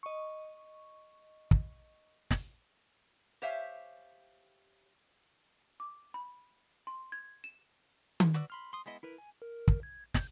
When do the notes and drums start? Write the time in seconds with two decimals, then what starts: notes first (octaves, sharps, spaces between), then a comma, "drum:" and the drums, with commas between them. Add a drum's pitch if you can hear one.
0.03 D#5 C#6
1.51 drum: kick
2.31 drum: snare
3.42 G4 C5 C#5 E5 F5 G#5
5.80 D6
6.14 B5
6.87 C6
7.12 G#6
7.44 E7
8.20 drum: tom D#3
8.34 F#4 B4 D5 E6, drum: hi-hat
8.50 B5 C6 F6
8.73 C6 D#6
8.86 G#3 B3 E4 D#5
9.03 E4 A#4 B4
9.18 G#5
9.42 A#4
9.68 drum: kick
9.83 G#6
10.14 G6, drum: snare